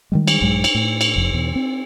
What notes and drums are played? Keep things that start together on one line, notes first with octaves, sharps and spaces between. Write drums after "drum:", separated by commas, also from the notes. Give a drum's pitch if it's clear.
D#3 G3 G#3
drum: cymbal
A#1 G2 F#3 G#3
drum: cymbal
A2
drum: cymbal
F1 F2
E2 B2
C4